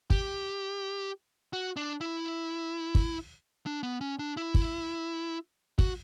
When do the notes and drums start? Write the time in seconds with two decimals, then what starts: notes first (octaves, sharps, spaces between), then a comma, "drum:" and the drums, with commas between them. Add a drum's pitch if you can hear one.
0.10 G4, drum: kick
1.53 F#4
1.76 D4
2.01 E4
2.95 drum: kick
3.66 D4
3.83 B3
4.01 C#4
4.19 D4
4.37 E4
4.55 drum: kick
5.79 F#4, drum: kick